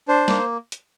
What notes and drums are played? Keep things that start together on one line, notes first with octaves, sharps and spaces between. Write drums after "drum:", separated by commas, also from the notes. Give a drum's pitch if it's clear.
D4 C5
A#3, drum: snare
drum: hi-hat